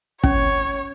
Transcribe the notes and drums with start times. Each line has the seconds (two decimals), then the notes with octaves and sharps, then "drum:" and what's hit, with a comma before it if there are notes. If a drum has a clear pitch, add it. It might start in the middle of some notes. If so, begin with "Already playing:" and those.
0.23 C#4 C#5, drum: kick